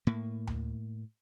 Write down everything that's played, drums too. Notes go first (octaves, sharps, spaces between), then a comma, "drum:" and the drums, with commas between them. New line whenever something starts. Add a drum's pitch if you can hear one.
A2 A#3
drum: tom D2